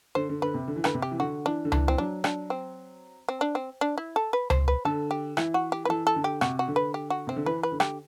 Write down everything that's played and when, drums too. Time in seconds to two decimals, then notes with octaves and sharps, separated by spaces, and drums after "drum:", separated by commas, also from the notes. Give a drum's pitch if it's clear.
0.15 D3 C5
0.29 D3
0.42 D3 B4
0.54 C3
0.68 D3
0.76 E3
0.84 D3 B4, drum: rim click
0.94 C3
1.02 G4
1.11 E3
1.19 D3 F#4
1.46 E3 D4
1.65 D3
1.72 E3 D4, drum: tom C#2
1.87 E3 C4
1.98 F#3 D4
2.24 D4, drum: rim click
2.50 C4
3.29 C4
3.41 D4
3.55 C4
3.81 D4
3.98 E4
4.16 A4
4.33 B4
4.50 C5, drum: tom C#2
4.68 B4
4.85 D3 A4
5.11 G4
5.37 E3 E4, drum: rim click
5.54 F#4
5.72 G4
5.85 B4
5.89 E3 A4
6.07 A4
6.16 D3
6.24 G4
6.41 C3 F#4, drum: rim click
6.59 F#4
6.68 D3
6.76 B4
6.94 G4
7.10 F#4
7.27 C3 C4
7.36 D3
7.46 E3 B4
7.63 B4
7.72 D3
7.80 G4, drum: rim click